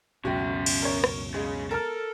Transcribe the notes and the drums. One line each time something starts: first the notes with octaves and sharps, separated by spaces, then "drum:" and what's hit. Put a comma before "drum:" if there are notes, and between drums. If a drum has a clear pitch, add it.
C#2 F#2 B2 C#4 F#4 E5 G5
drum: cymbal
A#4 C#5
drum: rim click
C#3 G#3
A4 A#4 A5 F6